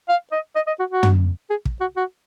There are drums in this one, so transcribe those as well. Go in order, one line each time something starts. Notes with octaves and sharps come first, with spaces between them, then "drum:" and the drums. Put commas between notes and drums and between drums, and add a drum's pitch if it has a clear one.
F5
D#5
D#5
D#5
F#4
F#4
drum: tom
G#4
drum: kick
F#4
F#4